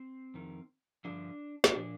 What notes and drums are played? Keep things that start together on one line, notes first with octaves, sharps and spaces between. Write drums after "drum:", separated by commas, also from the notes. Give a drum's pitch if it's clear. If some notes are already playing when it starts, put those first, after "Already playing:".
Already playing: C4
F2 D#3
G2 D3 F3 D4
drum: snare
A#2 F3 D4